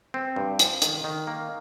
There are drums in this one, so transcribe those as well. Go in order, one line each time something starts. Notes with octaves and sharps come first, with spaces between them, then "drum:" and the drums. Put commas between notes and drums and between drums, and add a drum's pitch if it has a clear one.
C4
G2
F3, drum: hi-hat
D#3, drum: hi-hat
D#3
A#3